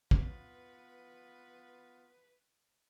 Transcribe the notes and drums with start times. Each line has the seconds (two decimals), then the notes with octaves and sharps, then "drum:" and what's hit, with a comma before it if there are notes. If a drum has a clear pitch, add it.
0.11 B3 F4 B4, drum: kick